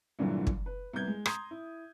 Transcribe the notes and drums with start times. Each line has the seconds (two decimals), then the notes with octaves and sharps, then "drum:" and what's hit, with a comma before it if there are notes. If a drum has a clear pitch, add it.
0.19 C2 G2 A#2 D3 E3 F#3
0.47 drum: kick
0.66 B4
0.93 C2 B3 G6 G#6
1.08 G#3
1.26 A#5 C6 D#6 G6 G#6, drum: rim click
1.51 E4